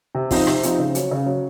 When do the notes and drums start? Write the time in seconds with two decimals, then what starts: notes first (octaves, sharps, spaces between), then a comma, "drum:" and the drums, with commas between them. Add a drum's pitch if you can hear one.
0.15 C3
0.31 F3 C4 D#4, drum: kick, open hi-hat
0.47 C3, drum: rim click
0.63 F3 C4 D#4, drum: hi-hat
0.78 C#3
0.95 F#3 C#4, drum: hi-hat
1.11 C#3
1.26 F#3 C#4